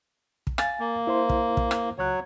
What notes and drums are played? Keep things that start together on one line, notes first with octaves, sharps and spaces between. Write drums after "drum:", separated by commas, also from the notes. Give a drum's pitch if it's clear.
drum: kick
F5 G#5 A6, drum: rim click
A#3
E4 C5 C6
drum: kick
drum: kick
drum: rim click
C#2 F#3 C#5 F#6